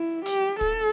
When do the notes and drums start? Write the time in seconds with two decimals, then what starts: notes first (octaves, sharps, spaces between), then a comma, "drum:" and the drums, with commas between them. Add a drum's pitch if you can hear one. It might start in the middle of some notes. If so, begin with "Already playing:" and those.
Already playing: E4
0.26 G4, drum: hi-hat
0.61 A4, drum: kick